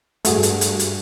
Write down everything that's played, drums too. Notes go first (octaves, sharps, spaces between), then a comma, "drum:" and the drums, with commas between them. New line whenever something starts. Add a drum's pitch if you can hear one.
G2 A3 F#4 G#4, drum: hi-hat
drum: hi-hat
drum: hi-hat
drum: hi-hat